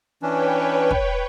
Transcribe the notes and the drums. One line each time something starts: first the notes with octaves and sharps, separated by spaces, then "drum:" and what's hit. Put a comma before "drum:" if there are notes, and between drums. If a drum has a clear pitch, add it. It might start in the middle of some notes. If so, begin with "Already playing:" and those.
E3 C#4 D4 B4 C#5 G5
drum: kick